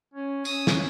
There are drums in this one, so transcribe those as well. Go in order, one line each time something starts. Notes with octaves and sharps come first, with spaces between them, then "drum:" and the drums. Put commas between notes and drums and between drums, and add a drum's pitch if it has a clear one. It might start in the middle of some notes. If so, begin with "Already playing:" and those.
C#4
C#4 D#6 E6, drum: tambourine
drum: snare